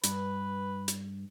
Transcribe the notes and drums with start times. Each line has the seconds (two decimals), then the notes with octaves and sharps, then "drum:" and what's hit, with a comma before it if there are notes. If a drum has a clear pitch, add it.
0.04 G2 B4, drum: hi-hat
0.88 drum: hi-hat